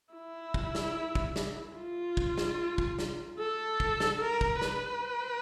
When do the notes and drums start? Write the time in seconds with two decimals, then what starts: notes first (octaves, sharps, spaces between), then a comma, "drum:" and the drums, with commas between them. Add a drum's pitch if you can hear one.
0.14 E4
0.54 drum: kick
0.75 drum: snare
1.15 drum: kick
1.36 drum: snare
1.76 F4
2.17 drum: kick
2.38 drum: snare
2.78 drum: kick
2.99 drum: snare
3.39 A4
3.80 drum: kick
4.00 drum: snare
4.21 A#4
4.41 drum: kick
4.61 B4, drum: snare